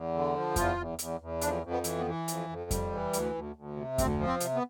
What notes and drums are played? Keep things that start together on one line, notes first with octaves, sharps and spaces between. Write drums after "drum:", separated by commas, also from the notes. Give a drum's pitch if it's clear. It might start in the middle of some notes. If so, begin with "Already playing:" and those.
Already playing: E2
D3
F3
E2 F4, drum: kick F2, hi-hat
E2
E2, drum: hi-hat
E2
F2 D4, drum: hi-hat
F2
B3
E3, drum: hi-hat
B3
E3
F2, drum: hi-hat
F2
G3, drum: kick F2, hi-hat
E3
D2, drum: hi-hat
D2
D2
C3
D2 C4, drum: kick F2, hi-hat
F3
C4
C3, drum: hi-hat
B3